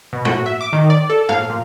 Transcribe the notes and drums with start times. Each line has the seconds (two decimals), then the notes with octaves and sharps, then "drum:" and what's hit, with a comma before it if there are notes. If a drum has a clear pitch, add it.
0.13 B2
0.25 F#4, drum: tom
0.46 E5
0.61 D6
0.73 D#3
0.90 D5
1.10 A4
1.29 F5, drum: tom
1.50 A#2